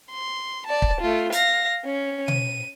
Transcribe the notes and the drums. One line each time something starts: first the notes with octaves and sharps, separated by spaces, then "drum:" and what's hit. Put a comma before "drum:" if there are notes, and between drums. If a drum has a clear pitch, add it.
C6
D5 A5
drum: kick
A3 F4
F5 A#6, drum: hi-hat
C#4
D#7, drum: tom B2